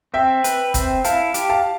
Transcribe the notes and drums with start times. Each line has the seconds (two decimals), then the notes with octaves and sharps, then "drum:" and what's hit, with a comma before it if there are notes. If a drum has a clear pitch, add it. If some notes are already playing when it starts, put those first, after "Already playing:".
0.14 C4 E5 G5
0.44 B4, drum: hi-hat
0.74 C4, drum: kick, hi-hat
1.04 E4 F5 A5, drum: hi-hat
1.34 G4, drum: hi-hat
1.50 F5 A5